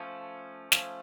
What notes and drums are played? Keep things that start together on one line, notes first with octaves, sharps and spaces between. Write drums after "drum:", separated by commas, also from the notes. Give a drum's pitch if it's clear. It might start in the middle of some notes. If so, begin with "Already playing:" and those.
Already playing: F3 A3 C#4
F3 A3 C#4, drum: snare